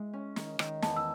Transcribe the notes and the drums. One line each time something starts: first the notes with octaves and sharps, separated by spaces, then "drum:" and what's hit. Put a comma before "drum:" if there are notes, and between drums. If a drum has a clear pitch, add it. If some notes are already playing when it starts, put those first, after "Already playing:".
Already playing: G#3 E4
C#4
D#3, drum: snare
D#3, drum: rim click
E2 A5, drum: snare
E6